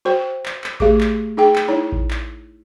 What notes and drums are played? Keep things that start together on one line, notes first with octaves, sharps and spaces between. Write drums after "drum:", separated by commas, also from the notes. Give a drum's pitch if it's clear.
F#4 C5 G5
drum: clap
drum: clap
A3 G4 G#4 D6, drum: kick A1
drum: clap
D#4 G#4 G5
drum: clap
D#4 E4 C#5
drum: kick A1
drum: clap